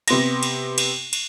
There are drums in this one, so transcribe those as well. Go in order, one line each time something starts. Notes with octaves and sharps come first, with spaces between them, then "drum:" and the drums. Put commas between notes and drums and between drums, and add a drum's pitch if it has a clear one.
C3 B3 C6 A#6, drum: cymbal
drum: cymbal
drum: cymbal
drum: cymbal